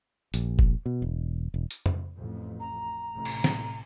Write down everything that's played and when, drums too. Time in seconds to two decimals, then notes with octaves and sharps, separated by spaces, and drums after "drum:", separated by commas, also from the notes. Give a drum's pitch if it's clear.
0.34 A#1, drum: hi-hat
0.59 drum: kick F1
0.86 B2
1.02 E1
1.54 E1
1.71 drum: hi-hat
1.86 drum: tom F2
2.15 A1 F2
2.60 A#5
3.13 A1 A2 C3
3.25 drum: cymbal
3.44 drum: snare